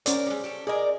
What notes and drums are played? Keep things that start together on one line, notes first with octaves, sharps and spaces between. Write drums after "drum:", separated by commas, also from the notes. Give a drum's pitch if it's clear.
C#4 A4 A#4 C5 D5, drum: hi-hat
G3 G#3
G4 A4 C#5
G#4 A#4 D5 D#5